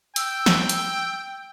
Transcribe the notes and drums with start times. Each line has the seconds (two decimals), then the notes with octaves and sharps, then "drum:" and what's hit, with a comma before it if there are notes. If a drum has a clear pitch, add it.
0.16 G5 E6, drum: hi-hat
0.46 drum: snare
0.69 drum: hi-hat